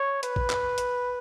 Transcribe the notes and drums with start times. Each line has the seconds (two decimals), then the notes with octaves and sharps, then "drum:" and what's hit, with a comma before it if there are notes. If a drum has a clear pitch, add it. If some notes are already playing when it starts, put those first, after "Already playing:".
Already playing: C#5
0.23 B4, drum: hi-hat
0.36 drum: kick A1
0.50 drum: clap
0.78 drum: hi-hat